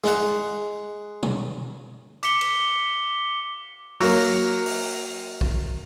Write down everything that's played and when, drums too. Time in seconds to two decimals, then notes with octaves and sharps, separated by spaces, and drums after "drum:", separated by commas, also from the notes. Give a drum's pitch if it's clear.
0.04 G#3 F#5, drum: snare
1.23 drum: tom B2
2.23 D6 B6 C#7 G7, drum: hi-hat
2.41 drum: cymbal
4.00 F#3 A#3, drum: open hi-hat
4.66 drum: open hi-hat
5.41 drum: kick